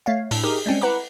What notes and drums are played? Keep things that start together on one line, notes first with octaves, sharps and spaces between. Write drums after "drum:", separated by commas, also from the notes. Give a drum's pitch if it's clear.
A3 C#5 F5
A2 D4 E6, drum: open hi-hat
D#4 G4 G#4 A#4 D#6
G3 G#3 C4 C#4
E4 B4 F#5 A#5 B5 D6